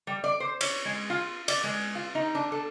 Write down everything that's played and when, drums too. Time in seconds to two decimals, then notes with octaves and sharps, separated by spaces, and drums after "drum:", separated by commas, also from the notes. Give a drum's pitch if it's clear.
0.07 G3
0.24 D5
0.40 C5
0.61 C#5, drum: cymbal
0.85 G#3
1.10 F4
1.48 D5, drum: cymbal
1.64 G#3
1.95 F4
2.15 D#4
2.35 D4
2.52 A4